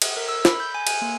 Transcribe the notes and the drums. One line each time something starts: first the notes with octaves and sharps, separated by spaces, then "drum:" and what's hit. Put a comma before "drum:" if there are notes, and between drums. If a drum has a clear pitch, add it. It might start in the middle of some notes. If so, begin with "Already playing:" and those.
drum: cymbal
A#4
E6
B5, drum: snare
G6
G#5
G#5, drum: cymbal
A#3